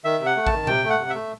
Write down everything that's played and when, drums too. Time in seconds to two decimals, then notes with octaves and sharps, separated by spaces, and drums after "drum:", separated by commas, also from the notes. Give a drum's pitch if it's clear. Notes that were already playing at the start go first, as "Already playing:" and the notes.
0.04 D#3 E5
0.20 C3
0.26 F#5
0.36 A3
0.47 A5, drum: kick A1
0.52 D#3
0.67 C3 G5, drum: tom A#2
0.84 A3
0.90 F#5
0.99 C3
1.10 A3 E5